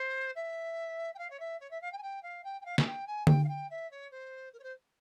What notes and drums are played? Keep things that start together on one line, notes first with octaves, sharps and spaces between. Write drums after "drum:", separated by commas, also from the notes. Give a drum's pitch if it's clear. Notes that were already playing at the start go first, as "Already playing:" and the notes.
Already playing: C5
E5
G5
F5
C#5
E5
C#5
E5
F5
G5
G#5
G5
F5
G5
G5
F5
G#5, drum: snare
G5
G#5
G5, drum: tom D3
F5
G5
E5
C#5
C5
A#4
C#5
C5